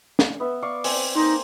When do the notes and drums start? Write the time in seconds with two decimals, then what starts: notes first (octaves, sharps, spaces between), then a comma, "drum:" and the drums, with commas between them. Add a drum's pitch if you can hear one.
0.19 drum: snare
0.40 B3 E5
0.62 D5 F5 C#6
0.84 C4 G#5, drum: open hi-hat
1.15 A#3 D#4 C5